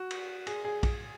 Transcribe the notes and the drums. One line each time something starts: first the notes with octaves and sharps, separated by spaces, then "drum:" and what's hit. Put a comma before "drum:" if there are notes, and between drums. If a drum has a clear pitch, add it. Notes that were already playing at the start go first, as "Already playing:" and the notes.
Already playing: F#4
drum: cymbal
G#4, drum: cymbal
G#4
drum: kick, cymbal